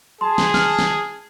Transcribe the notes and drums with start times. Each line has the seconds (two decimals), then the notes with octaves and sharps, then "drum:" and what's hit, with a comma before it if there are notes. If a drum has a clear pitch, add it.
0.21 G#4 A5 C6
0.38 drum: snare
0.54 F6, drum: snare
0.79 drum: snare